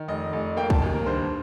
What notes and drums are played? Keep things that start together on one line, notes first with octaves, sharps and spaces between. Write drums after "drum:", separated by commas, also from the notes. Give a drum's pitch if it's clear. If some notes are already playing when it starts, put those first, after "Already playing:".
Already playing: D#3
F1 D#5
F1
A#3 G5
A5, drum: kick C2
D#2
A#4
G2 C5